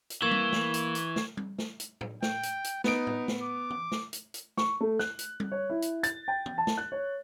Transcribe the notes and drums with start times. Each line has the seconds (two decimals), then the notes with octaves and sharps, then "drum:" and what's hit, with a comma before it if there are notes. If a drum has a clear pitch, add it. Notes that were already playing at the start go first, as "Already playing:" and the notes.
0.10 drum: hi-hat
0.22 E3 A#3 C#6 G#6 E7
0.31 drum: tom G3
0.53 drum: snare
0.74 drum: hi-hat
0.95 drum: hi-hat
1.16 drum: snare
1.37 drum: tom G3
1.58 drum: snare
1.80 drum: hi-hat
2.01 drum: tom
2.23 G5, drum: snare
2.43 drum: hi-hat
2.64 drum: hi-hat
2.84 B3 D#4 D7, drum: snare
3.07 drum: tom
3.28 drum: snare
3.42 D6
3.70 drum: tom
3.92 drum: snare
4.13 drum: hi-hat
4.34 drum: hi-hat
4.57 C#6, drum: snare
4.81 A3
4.99 F#6, drum: snare
5.19 drum: hi-hat
5.40 drum: tom G3
5.52 C#5
5.70 E4
5.82 drum: hi-hat
6.03 A6, drum: hi-hat
6.28 G5
6.46 drum: tom
6.58 A5
6.67 drum: snare
6.77 F#6
6.92 C#5